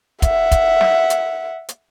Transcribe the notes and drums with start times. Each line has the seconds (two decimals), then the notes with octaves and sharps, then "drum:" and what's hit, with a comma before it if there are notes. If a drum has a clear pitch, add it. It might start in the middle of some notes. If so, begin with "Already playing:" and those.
0.22 E5 F#5, drum: kick, hi-hat
0.51 drum: kick, hi-hat
0.81 drum: snare
1.10 drum: hi-hat
1.69 drum: hi-hat